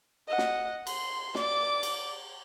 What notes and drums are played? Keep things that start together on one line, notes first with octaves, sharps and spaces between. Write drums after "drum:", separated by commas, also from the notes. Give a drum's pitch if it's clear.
D#5 F#5
drum: snare
C6, drum: cymbal
D5 D6, drum: snare
drum: cymbal